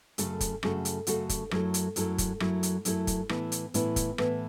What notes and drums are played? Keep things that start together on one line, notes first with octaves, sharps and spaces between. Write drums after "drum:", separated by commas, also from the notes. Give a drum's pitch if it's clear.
F#2 C#3 A3 F#4 A4, drum: hi-hat
drum: kick, hi-hat
F#2 C#3 A3 F#4 A4, drum: rim click
drum: hi-hat
F#2 C#3 A3 F#4 A4, drum: hi-hat
drum: kick, hi-hat
F#2 F#3 A3 E4 A4, drum: rim click
drum: hi-hat
F#2 F#3 A3 E4 A4, drum: hi-hat
drum: kick, hi-hat
F#2 F#3 A3 E4 A4, drum: rim click
drum: hi-hat
F#2 F#3 A3 E4 A4, drum: hi-hat
drum: kick, hi-hat
A2 E3 B3 E4, drum: rim click
drum: hi-hat
A2 E3 B3 E4, drum: hi-hat
drum: kick, hi-hat
A2 E3 B3 E4, drum: rim click